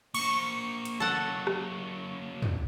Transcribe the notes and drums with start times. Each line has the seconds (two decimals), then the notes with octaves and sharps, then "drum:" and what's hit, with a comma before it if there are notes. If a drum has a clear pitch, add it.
0.14 A#3 C5 C#6, drum: cymbal
0.85 drum: hi-hat
1.00 F#3 A#3 A4 F#5
1.47 drum: rim click
2.42 drum: tom